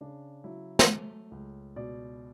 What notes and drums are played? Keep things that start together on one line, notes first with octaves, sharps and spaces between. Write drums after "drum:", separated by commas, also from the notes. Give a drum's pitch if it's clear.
C#3 D4
F#3 E4
drum: snare
A3
C#2
B2 D5